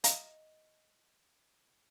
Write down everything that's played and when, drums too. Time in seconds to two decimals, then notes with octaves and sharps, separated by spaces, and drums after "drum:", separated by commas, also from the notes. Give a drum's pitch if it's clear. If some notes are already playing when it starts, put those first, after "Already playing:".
0.04 D#5 F5 A#5, drum: hi-hat